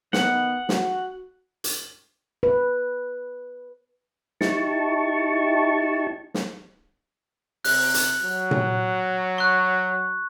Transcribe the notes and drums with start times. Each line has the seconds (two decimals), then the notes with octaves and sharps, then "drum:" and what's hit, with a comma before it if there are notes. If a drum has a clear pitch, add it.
0.13 D#3 B3 F#5, drum: snare
0.69 F#4, drum: snare
1.64 drum: hi-hat
2.43 B4
4.41 D#4 E4 G4 A5 C#6, drum: snare
6.34 drum: snare
7.65 C3 F#6, drum: open hi-hat
7.94 drum: hi-hat
8.22 F#3
8.51 drum: tom A#2
9.38 C#6 F#6